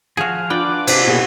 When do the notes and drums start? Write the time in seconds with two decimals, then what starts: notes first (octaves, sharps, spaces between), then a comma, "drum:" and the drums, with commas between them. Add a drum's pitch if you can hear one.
0.17 F3 F#4 G#4 F5
0.50 D4 F4 B4 D5 F#5 G5 D6
0.87 C3, drum: cymbal
1.08 B2 A#3 B3 G#4 C#5